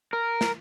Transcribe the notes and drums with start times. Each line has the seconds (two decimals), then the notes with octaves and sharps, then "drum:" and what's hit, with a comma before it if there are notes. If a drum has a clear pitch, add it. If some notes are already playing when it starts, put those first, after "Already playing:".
0.13 A#4
0.41 drum: snare